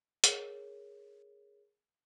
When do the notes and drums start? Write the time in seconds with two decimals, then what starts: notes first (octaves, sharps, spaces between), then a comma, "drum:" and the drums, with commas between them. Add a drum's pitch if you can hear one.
0.24 G#4 A#4 C#5, drum: hi-hat